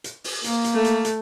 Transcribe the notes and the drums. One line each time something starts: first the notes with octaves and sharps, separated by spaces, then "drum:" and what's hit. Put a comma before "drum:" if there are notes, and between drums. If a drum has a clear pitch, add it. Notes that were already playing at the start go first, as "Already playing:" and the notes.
drum: hi-hat
drum: open hi-hat
A#3, drum: hi-hat
drum: hi-hat
A3
drum: hi-hat
drum: hi-hat